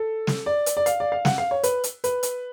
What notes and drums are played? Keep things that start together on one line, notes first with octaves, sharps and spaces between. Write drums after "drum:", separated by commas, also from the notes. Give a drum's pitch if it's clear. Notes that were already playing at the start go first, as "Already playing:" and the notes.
Already playing: A4
drum: snare
D5
drum: hi-hat
D5
F5, drum: hi-hat
D5
F5
F#5, drum: snare
F5
C#5
B4, drum: hi-hat
drum: hi-hat
B4, drum: hi-hat
drum: hi-hat